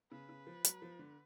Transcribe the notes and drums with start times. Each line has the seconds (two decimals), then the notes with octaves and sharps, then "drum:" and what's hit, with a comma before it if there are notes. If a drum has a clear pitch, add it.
0.11 C#3 B4
0.29 C#3
0.47 F3
0.65 F#3, drum: hi-hat
0.82 F3
0.99 D3